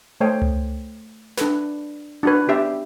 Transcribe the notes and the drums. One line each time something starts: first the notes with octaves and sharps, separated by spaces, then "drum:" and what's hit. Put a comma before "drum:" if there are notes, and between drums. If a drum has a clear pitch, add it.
A3 A4 C5 C#5 D#5 G5
drum: tom C#2
D4 A4 B4, drum: snare
D4 F#4 B4
B3 C#4 G4 E5